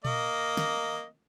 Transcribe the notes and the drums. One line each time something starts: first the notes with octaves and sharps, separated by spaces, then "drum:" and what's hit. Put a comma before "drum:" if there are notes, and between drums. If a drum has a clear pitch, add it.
A#3 D#5, drum: tom A#2
drum: snare